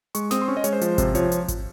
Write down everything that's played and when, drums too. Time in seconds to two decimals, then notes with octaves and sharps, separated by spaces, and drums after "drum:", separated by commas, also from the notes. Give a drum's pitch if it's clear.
0.15 G#3 C#6, drum: hi-hat
0.31 C4 D#6, drum: snare
0.42 C6
0.48 C#4 C#6
0.57 D#5
0.64 G#3 C#5, drum: hi-hat
0.73 C5
0.81 F3, drum: hi-hat
0.98 C3, drum: kick G#1, hi-hat
1.15 F3 C#5, drum: hi-hat
1.32 drum: hi-hat
1.48 drum: kick G#1, hi-hat